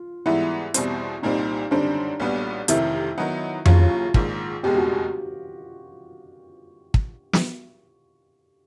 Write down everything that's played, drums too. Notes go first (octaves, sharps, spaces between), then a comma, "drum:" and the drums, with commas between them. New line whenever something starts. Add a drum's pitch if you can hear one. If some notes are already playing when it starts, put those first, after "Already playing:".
Already playing: F4
G#2 E3 G3 B3 E4
E2 B2 G3 C4, drum: hi-hat
C2 A#2 G3 C4 D#4
F#2 D3 G3 C4 D4
B1 A#2 G3 B3
F1 F2 C3 D#3 E4, drum: hi-hat
D#3 F#3 B3 D#4
D#2 C#3 F#3 F4, drum: tom F2
A#1 G#2 D#3, drum: kick
F1 E2 B2 G#3 G4
F#4
drum: kick
drum: snare